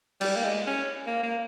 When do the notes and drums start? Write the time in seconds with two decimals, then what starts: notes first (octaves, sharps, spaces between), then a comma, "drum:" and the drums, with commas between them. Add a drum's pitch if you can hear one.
0.21 G3, drum: cymbal
0.36 A#3
0.44 G#3
0.67 C#4
1.07 A#3
1.23 A#3